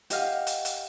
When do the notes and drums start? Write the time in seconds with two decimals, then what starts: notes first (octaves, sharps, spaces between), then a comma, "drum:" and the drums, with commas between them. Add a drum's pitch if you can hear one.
0.10 G4 D#5 F5 F#5, drum: hi-hat
0.47 drum: hi-hat
0.65 drum: hi-hat